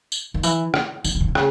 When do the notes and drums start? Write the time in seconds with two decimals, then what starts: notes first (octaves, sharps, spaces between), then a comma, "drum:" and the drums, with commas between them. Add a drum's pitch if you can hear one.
0.12 drum: tambourine
0.34 D#3
0.43 E3, drum: tambourine
0.74 drum: rim click
1.04 D#3, drum: tambourine
1.15 D#3
1.20 D3
1.28 C3
1.35 C#3, drum: rim click